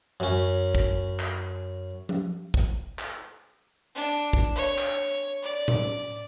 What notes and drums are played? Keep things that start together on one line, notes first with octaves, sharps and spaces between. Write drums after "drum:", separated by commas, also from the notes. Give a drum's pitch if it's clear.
F#2 C#4
drum: kick
drum: clap
drum: tom F3
drum: kick
drum: clap
D4
drum: kick
C#5
drum: clap
D5
drum: tom A2